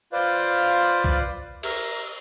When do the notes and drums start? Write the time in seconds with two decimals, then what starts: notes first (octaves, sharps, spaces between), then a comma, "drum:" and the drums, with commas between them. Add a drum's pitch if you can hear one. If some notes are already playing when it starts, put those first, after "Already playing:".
0.12 F4 B4 C5 D5 F5
1.04 drum: kick C2
1.63 A#4 E5, drum: cymbal